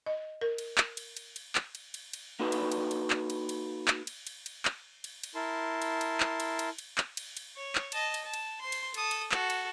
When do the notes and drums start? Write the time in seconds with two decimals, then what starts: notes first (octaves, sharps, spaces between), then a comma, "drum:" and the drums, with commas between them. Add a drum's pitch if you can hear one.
0.06 D#5
0.41 A#4
0.58 drum: cymbal
0.78 drum: clap
0.97 drum: cymbal
1.17 drum: cymbal
1.36 drum: cymbal
1.55 drum: clap
1.75 drum: cymbal
1.94 drum: cymbal
2.13 drum: cymbal
2.39 A#3 D#4 F#4 A4 B4
2.52 drum: cymbal
2.72 drum: cymbal
2.91 drum: cymbal
3.10 drum: clap
3.30 drum: cymbal
3.49 drum: cymbal
3.88 drum: clap
4.07 drum: cymbal
4.27 drum: cymbal
4.46 drum: cymbal
4.65 drum: clap
5.04 drum: cymbal
5.23 drum: cymbal
5.35 E4 A#4 A5 C6
5.82 drum: cymbal
6.01 drum: cymbal
6.20 drum: clap
6.40 drum: cymbal
6.59 drum: cymbal
6.78 drum: cymbal
6.98 drum: clap
7.17 drum: cymbal
7.37 drum: cymbal
7.56 C#5
7.75 drum: clap
7.92 D#5 A5, drum: cymbal
8.14 drum: cymbal
8.24 A5
8.34 drum: cymbal
8.61 C5 C6
8.72 drum: cymbal
8.94 A4 D#6, drum: cymbal
9.11 drum: cymbal
9.32 F#4 A4, drum: clap
9.50 drum: cymbal